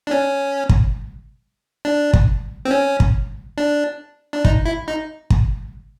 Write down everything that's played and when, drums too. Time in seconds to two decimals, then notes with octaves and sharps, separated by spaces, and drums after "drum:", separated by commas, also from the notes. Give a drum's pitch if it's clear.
0.07 D4
0.11 C#4
0.69 drum: kick
1.85 D4
2.13 drum: kick
2.65 C4
2.71 C#4
3.00 drum: kick
3.58 D4
4.33 D4
4.45 D#4, drum: kick
4.65 E4
4.88 D#4
5.30 drum: kick